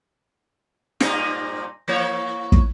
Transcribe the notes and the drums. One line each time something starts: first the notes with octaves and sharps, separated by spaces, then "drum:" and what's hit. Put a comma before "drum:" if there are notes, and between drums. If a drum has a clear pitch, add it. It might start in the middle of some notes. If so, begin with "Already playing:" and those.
G2 A#2 D#4, drum: snare
E3 A#3 C#5
drum: kick